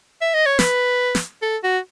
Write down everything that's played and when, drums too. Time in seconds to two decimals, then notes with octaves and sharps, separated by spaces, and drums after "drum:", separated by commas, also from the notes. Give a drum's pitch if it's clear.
0.21 E5
0.34 D#5
0.46 C#5
0.59 B4, drum: snare
1.15 drum: snare
1.42 A4
1.64 F#4